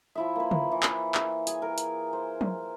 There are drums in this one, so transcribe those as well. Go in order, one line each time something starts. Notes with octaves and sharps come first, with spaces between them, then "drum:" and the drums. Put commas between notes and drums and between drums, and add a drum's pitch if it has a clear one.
F3 E4 E5
A#3 B4
drum: tom C#3
E3
drum: clap
drum: clap
G#4, drum: hi-hat
A#4
drum: hi-hat
C5
drum: tom